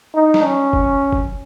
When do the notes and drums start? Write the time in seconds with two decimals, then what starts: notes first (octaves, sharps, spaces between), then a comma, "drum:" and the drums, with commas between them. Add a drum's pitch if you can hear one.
0.15 D#4
0.34 drum: snare
0.44 C#4
0.73 drum: kick F#1
1.13 drum: kick F#1